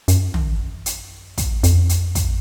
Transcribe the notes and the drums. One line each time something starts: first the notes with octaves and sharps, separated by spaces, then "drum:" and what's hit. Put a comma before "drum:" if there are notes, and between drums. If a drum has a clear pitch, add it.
F#2, drum: hi-hat
drum: tom
drum: hi-hat
drum: kick, hi-hat
F2, drum: hi-hat
drum: hi-hat
drum: kick, hi-hat